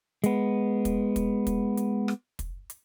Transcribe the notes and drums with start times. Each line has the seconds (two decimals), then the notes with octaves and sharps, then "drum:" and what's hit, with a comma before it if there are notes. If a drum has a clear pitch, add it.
0.24 G#3 B3, drum: hi-hat
0.85 drum: kick, hi-hat
1.16 drum: kick, hi-hat
1.47 drum: kick, hi-hat
1.77 drum: hi-hat
2.08 drum: rim click
2.39 drum: kick, hi-hat
2.70 drum: hi-hat